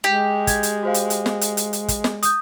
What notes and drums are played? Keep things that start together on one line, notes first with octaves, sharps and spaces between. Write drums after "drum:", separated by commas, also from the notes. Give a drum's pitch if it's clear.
G#3 G4
G#6, drum: kick, hi-hat
drum: hi-hat
F#4 C5 F5
drum: hi-hat
drum: hi-hat
drum: snare
drum: hi-hat
drum: hi-hat
drum: hi-hat
drum: kick, hi-hat
drum: snare
D#6 G6, drum: hi-hat